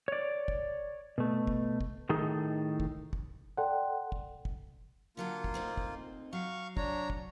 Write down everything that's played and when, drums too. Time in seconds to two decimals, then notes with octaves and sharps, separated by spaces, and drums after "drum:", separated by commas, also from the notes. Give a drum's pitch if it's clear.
0.08 C#5 D5
0.48 drum: kick
1.18 B2 A3
1.47 drum: kick
1.80 drum: kick
2.09 A2 D#3 D#4 G#4 A4
2.80 drum: kick
3.13 drum: kick
3.57 A4 D5 F#5 G5 C6
4.12 drum: kick
4.45 drum: kick
5.17 D3 F#3 A#3 F4 A4
5.44 drum: kick
5.54 D2 C4 D#4
5.77 drum: kick
6.33 F#3 F5 C#6
6.77 D4 C#5 A#5, drum: kick
7.10 drum: kick